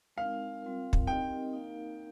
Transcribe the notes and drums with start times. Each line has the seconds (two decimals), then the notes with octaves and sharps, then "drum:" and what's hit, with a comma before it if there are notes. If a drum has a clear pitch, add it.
0.16 G#3 C4 D#4 A#4 F5
0.62 G3 C4 F4 A#4
0.93 drum: kick
1.07 C4 D#4 G4 A#4 D#5 G5
1.53 A#3 D#4 A#4 F5